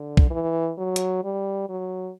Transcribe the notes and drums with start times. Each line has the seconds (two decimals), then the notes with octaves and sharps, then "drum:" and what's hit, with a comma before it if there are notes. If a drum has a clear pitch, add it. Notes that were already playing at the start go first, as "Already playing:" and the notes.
Already playing: D3
0.17 drum: kick
0.30 E3
0.78 F#3
0.96 drum: hi-hat
1.24 G3
1.69 F#3